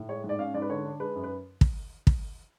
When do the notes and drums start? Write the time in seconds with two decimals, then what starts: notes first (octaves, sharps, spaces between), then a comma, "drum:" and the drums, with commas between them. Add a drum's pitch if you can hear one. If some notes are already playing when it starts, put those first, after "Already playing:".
Already playing: A2
0.09 G#3 C#5
0.24 G#2
0.29 D5
0.39 C#4 F5
0.54 G#2 D5
0.62 B4
0.69 D3 C#5
0.85 D4
1.00 G#3 B4
1.16 F#2
1.24 B4
1.61 drum: kick
2.07 drum: kick